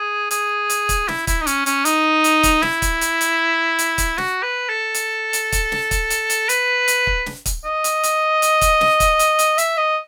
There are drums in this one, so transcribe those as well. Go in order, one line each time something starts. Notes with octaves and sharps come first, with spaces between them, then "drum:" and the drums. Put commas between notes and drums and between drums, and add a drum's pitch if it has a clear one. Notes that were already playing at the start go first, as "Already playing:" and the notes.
Already playing: G#4
G#4, drum: hi-hat
drum: hi-hat
drum: kick, hi-hat
E4, drum: snare
E4, drum: kick, hi-hat
D#4
C#4, drum: hi-hat
C#4, drum: hi-hat
D#4, drum: hi-hat
drum: hi-hat
drum: kick, hi-hat
E4, drum: snare
drum: kick, hi-hat
drum: hi-hat
drum: hi-hat
drum: hi-hat
drum: kick, hi-hat
F#4, drum: snare
B4
A4
drum: hi-hat
drum: hi-hat
drum: kick, hi-hat
drum: snare
drum: kick, hi-hat
drum: hi-hat
drum: hi-hat
B4, drum: hi-hat
drum: hi-hat
drum: kick
drum: snare
drum: kick, hi-hat
D#5
drum: hi-hat
drum: hi-hat
drum: hi-hat
drum: kick, hi-hat
drum: snare
drum: kick, hi-hat
drum: hi-hat
drum: hi-hat
E5, drum: hi-hat
D#5